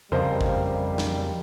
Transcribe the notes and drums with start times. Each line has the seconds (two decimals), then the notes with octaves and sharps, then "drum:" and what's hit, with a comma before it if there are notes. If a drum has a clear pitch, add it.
0.12 F2 C#3 F3 G3 A#4 C5 D#5 F5
0.41 drum: kick
0.98 drum: snare